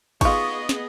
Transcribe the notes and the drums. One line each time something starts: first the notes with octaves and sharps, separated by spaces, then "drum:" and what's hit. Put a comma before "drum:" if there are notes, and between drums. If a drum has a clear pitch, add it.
B3 D#4 F4 G#4 D#5 C#6, drum: kick, cymbal
drum: snare